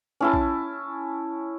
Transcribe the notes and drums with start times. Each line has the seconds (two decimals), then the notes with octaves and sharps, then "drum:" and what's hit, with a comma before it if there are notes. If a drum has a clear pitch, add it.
0.20 C#4 E4 A5
0.33 drum: kick A#1